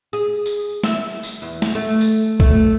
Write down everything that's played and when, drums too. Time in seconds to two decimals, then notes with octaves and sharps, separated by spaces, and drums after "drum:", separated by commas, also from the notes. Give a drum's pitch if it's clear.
0.13 G#4
0.46 drum: tambourine
0.84 E5, drum: snare
1.23 drum: tambourine
1.42 E2
1.62 drum: snare
1.75 A3
2.01 drum: tambourine
2.40 A3, drum: kick